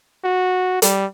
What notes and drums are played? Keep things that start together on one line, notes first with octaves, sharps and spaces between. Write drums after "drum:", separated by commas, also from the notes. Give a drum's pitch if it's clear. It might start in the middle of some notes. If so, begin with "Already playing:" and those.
F#4
G3, drum: hi-hat